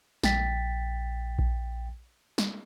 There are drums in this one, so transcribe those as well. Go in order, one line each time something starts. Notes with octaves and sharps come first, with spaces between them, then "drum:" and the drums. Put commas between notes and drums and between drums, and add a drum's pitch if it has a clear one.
A#1 G5 A6 B6, drum: snare
drum: kick A#1
drum: snare